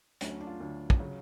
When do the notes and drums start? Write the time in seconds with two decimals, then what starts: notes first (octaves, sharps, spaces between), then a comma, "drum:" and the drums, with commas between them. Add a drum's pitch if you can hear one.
0.21 D2 D3 F#3 C#4, drum: hi-hat
0.41 D4
0.47 F4
0.60 D2 D3 F#3
0.90 drum: kick
1.00 C#3 F#3